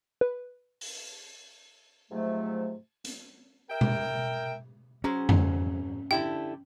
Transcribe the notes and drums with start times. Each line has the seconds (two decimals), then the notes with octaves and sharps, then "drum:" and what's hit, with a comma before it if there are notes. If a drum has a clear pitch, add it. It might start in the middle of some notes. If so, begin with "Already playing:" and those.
0.21 B4
0.81 drum: open hi-hat
2.11 G#2 C3 F3 F#3 A3
3.05 drum: hi-hat
3.70 A#4 E5 G5
3.81 drum: tom B2
5.04 F#3 C#4 G#4 C5
5.29 drum: tom F2
6.11 D3 E4 G4 G5